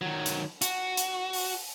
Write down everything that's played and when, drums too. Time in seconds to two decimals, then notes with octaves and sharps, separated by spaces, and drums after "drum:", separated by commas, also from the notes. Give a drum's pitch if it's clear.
0.01 D#3 F#3
0.26 drum: hi-hat
0.62 F#4, drum: hi-hat
0.97 drum: hi-hat
1.33 drum: open hi-hat